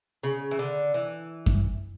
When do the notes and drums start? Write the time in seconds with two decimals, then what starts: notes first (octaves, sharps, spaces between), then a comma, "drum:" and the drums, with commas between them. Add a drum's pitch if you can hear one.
0.23 C#3
0.51 E3
0.59 D3
0.94 E3
1.46 drum: kick F#2